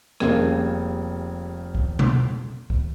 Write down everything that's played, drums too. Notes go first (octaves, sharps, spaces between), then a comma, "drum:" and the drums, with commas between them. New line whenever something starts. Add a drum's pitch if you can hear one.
F1 C#3 G3 A#3 G#6, drum: rim click
drum: kick
drum: tom B2
drum: kick